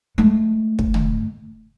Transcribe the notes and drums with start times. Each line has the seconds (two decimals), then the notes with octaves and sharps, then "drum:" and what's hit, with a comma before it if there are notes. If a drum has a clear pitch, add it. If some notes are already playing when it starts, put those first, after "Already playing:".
0.18 G#3 A3
0.79 drum: kick
0.94 drum: tom